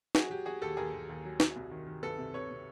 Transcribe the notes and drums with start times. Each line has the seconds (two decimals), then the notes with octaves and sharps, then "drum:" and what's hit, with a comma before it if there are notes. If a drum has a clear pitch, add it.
0.15 F#3 F#4 G#4, drum: snare
0.30 F#3 G4
0.46 F#3 F#4 G#4
0.61 D#2 G4 A4
0.77 D#2 G#4 A#4
0.94 D#2
1.09 D#2
1.24 F#3
1.40 F#3, drum: snare
1.56 C2
1.71 D#3
1.87 D#3
2.02 C2 A4 B4
2.18 C3
2.34 C3 B4 C#5
2.50 C3